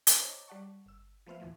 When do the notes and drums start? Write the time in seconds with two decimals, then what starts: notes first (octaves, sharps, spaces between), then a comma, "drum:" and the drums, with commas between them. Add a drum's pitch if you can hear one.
0.07 drum: hi-hat
0.20 C5 C#5 D#5 A5 A#5 D6
0.48 G3 D5 F#5 A5 C#6
0.86 G1 E6
1.27 F3 A3 B3 C5 E5 F5
1.40 D#2 A2 E3 F3 A3 B3